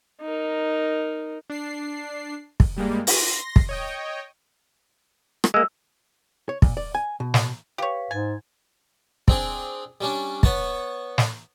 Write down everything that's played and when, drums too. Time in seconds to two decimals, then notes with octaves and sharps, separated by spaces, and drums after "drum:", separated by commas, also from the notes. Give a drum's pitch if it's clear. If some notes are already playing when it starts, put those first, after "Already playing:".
0.22 D#4 A#4
1.50 D4 C7
2.60 drum: kick
2.77 G2 G3 G#3 A#3
3.07 C6 A#6, drum: open hi-hat
3.56 drum: kick
3.69 C#5 D#5 G5
5.44 drum: rim click
5.54 G#3 A#3 E6
6.49 C#5
6.62 A#2, drum: kick
6.77 D5
6.95 G#5
7.20 B2
7.34 drum: snare
7.78 G4 B4 C#5 F5 B6
8.11 G#2 G#5 A6
9.28 C4 D4 G#4, drum: kick
10.01 G3 C#4 D4
10.43 B3 C#5 F#5 A5, drum: kick
11.18 drum: snare